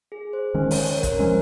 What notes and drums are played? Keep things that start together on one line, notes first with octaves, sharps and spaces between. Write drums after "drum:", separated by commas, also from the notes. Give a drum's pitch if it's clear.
G#4
C5
D#3 G#3 C#4 C5
C#5, drum: open hi-hat
C#5
A#4
C5, drum: kick, hi-hat
F3 G#3 C#4 A#4